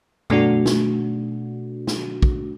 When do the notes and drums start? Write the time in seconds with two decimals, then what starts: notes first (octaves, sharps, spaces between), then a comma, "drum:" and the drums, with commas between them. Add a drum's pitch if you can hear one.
0.30 B2 A3 D4 F#4, drum: tom F#2
0.66 drum: snare
1.87 drum: snare
2.22 drum: kick